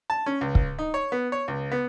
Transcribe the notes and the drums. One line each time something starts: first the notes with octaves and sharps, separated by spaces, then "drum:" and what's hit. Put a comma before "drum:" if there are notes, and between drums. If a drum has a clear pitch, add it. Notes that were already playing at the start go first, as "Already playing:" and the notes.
A5
C#4
C#2
drum: kick
D#4
C#5
B3
C#5
C#2
B3